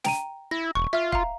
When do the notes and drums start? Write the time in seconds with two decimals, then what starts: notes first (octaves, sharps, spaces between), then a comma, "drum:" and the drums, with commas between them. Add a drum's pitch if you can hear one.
0.04 G5 A#5 D#7, drum: snare
0.51 E4 A#6
0.75 E1 C#6
0.93 F4 E5 F6
1.12 F5 A#5, drum: kick